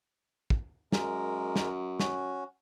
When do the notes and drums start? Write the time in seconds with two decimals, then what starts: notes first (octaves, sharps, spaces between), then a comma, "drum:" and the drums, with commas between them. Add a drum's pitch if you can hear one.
0.50 drum: kick
0.92 F#2 G#3 A#4, drum: snare
1.56 drum: snare
1.99 C#4 F#4, drum: snare